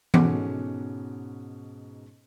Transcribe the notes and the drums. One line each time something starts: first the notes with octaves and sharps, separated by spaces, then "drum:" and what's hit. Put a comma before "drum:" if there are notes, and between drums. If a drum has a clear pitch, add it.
G#2 B2 C#4 A4 F#5 D6, drum: tom E3